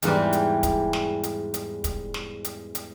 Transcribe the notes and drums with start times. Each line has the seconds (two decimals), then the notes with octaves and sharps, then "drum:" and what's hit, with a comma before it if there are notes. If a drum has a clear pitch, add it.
0.02 E2 G#2 E3 G3, drum: hi-hat
0.33 drum: hi-hat
0.63 drum: kick, hi-hat
0.93 drum: snare
1.23 drum: hi-hat
1.54 drum: hi-hat
1.84 drum: kick, hi-hat
2.14 drum: snare
2.44 drum: hi-hat
2.75 drum: hi-hat